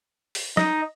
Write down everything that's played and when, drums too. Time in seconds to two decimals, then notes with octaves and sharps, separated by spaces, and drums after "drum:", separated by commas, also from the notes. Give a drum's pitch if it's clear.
0.35 drum: open hi-hat
0.57 D#4 D#5, drum: snare